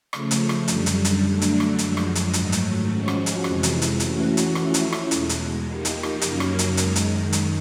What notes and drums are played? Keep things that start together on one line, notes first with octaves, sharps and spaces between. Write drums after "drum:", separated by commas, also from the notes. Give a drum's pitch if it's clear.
C#3 F3 A3, drum: rim click
drum: hi-hat
drum: rim click
F#2 D3 G3, drum: hi-hat
drum: hi-hat
drum: hi-hat
D3 F#3 A3 D4
drum: hi-hat
drum: rim click
F#2 D3 F3 G#3, drum: hi-hat
drum: rim click
drum: hi-hat
G#2 D#3 F#3 A3, drum: hi-hat
drum: hi-hat
F3 G#3 C#4 F#4
drum: rim click
drum: hi-hat
F2 C3 E3 G#3, drum: rim click
drum: hi-hat
drum: hi-hat
E3 A3 C#4 F#4, drum: hi-hat
drum: hi-hat
F3 A3 C#4 E4, drum: rim click
drum: hi-hat
drum: rim click
E2 B2 G#3, drum: hi-hat
drum: hi-hat
F3 A#3 D#4 G4
drum: hi-hat
drum: rim click
F#2 C#3 F#3 A#3 C#4, drum: hi-hat
drum: rim click
drum: hi-hat
F#2 D#3 G#3, drum: hi-hat
drum: hi-hat
drum: hi-hat